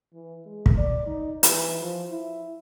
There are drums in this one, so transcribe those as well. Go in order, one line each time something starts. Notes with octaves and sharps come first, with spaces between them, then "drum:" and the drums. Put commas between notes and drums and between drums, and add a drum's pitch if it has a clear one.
E3
G#3
drum: kick
D5
D#4
E3, drum: hi-hat
F3
E4